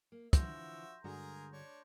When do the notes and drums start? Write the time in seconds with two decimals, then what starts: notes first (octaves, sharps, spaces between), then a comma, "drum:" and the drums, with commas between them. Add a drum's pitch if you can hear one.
0.12 A#3
0.33 D3 E3 F3 F#4 E5 C6 G6 A#6, drum: kick, hi-hat
1.04 G2 D3 G#3 F#4 G#4 A#4 A#5
1.52 D4 C#5